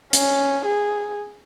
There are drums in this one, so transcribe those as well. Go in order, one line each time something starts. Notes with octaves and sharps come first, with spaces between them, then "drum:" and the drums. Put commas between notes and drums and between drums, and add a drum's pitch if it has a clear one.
C#4, drum: hi-hat
G#4